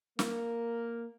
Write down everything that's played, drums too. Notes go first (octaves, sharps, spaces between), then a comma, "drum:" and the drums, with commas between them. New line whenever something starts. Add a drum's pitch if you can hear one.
A#3, drum: snare